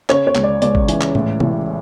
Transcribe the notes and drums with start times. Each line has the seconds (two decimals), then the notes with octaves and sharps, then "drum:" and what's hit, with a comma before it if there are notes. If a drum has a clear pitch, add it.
0.10 C#3 C#5, drum: clap
0.27 C#5
0.35 C#2, drum: clap
0.43 D5
0.62 C#2 D5, drum: hi-hat
0.75 drum: kick
0.88 E3, drum: hi-hat
1.01 drum: clap
1.15 A2, drum: tom G#2
1.40 A1, drum: tom C3